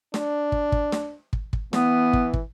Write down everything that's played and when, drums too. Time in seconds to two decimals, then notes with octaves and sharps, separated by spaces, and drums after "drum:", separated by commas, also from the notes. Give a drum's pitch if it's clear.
0.14 D4, drum: snare
0.52 drum: kick
0.72 drum: kick
0.92 drum: snare
1.33 drum: kick
1.53 drum: kick
1.73 E3 B3, drum: snare
2.13 drum: kick
2.33 drum: kick